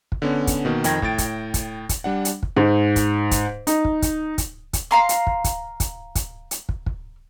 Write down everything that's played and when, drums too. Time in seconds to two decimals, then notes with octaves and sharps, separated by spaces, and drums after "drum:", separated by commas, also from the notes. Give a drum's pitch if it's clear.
0.12 drum: kick
0.22 D3 B3 C#4
0.47 drum: kick, hi-hat
0.65 B2 D#3 A#3
0.84 F2 D#3 G5 G#6 A#6, drum: hi-hat
1.02 A2 G5 A6 D7, drum: kick
1.18 drum: kick, hi-hat
1.54 drum: kick, hi-hat
1.89 drum: kick, hi-hat
2.04 G3 D4 F#5
2.25 drum: hi-hat
2.43 drum: kick
2.57 G#2
2.96 drum: kick, hi-hat
3.31 drum: kick, hi-hat
3.67 D#4, drum: hi-hat
3.85 drum: kick
4.02 drum: kick, hi-hat
4.38 drum: kick, hi-hat
4.73 drum: kick, hi-hat
4.91 F5 A#5 C6
5.09 drum: hi-hat
5.27 drum: kick
5.44 drum: kick, hi-hat
5.80 drum: kick, hi-hat
6.15 drum: kick, hi-hat
6.51 drum: hi-hat
6.69 drum: kick
6.86 drum: kick